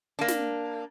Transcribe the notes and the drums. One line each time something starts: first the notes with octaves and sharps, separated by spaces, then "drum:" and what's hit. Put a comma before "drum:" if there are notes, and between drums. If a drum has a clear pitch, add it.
A#3 D4
drum: snare